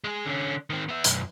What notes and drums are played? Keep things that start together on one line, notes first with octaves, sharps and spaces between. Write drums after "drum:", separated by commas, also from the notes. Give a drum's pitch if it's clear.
G#3 G#4
D3 C#4
D#3 C4
B3 E5
B1 F#2, drum: hi-hat